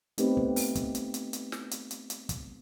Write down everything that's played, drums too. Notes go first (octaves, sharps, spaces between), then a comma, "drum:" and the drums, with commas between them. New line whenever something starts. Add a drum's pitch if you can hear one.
A3 B3 C4 D#4 G4 B4, drum: hi-hat
drum: kick
drum: open hi-hat
drum: kick, hi-hat
drum: hi-hat
drum: hi-hat
drum: hi-hat
drum: snare
drum: hi-hat
drum: hi-hat
drum: hi-hat
drum: kick, hi-hat